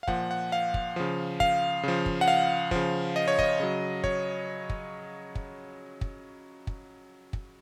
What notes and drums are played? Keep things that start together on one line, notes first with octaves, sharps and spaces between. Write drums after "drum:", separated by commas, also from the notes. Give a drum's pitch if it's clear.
F5
A#2 F3 F#5, drum: kick
F#5
F5
drum: kick
C#3 F3
F5, drum: kick
C#3 F3
drum: kick
F#5
F5
C#3 F3, drum: kick
D#5
C#5
D#5, drum: kick
C#3 F#3
C#5, drum: kick
drum: kick
drum: kick
drum: kick
drum: kick
drum: kick